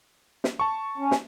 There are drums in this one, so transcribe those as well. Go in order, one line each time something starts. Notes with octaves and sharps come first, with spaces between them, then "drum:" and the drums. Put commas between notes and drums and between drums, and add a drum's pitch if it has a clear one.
drum: snare
A5 C#6
C#4
drum: snare